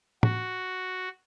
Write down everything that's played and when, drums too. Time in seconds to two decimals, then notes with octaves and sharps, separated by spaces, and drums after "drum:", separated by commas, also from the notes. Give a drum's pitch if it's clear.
0.23 F#4, drum: tom